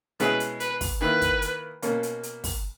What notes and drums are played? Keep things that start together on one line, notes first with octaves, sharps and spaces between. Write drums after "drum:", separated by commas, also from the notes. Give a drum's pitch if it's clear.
B2 G#3 C#4 E4 G#4 B4, drum: hi-hat
drum: hi-hat
B4, drum: hi-hat
drum: kick, open hi-hat
D#3 A#3 E4 B4
drum: kick, hi-hat
drum: hi-hat
B2 A#3 C#4, drum: hi-hat
drum: hi-hat
drum: hi-hat
drum: kick, open hi-hat